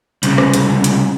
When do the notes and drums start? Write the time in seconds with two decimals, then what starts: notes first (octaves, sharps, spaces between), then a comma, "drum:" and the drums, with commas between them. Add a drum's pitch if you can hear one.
0.23 C2 C#3, drum: hi-hat
0.38 drum: rim click
0.54 drum: hi-hat
0.84 drum: hi-hat